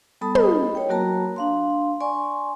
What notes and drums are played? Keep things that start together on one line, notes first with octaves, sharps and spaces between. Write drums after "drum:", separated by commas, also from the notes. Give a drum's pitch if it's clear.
G3 B3 A4 A5 B5 D#6
D#5 B5, drum: tom
C#5 G5
F#3 A#3 F#4 A#4 A5 A#5
D4 F5 C6
D5 G#5 C6 C#6